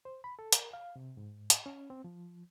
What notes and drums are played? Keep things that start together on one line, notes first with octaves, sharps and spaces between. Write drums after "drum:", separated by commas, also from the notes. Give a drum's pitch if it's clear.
C5
B5
A4
A#4, drum: hi-hat
F5
C3
G#2
drum: hi-hat
C#4
C4
F3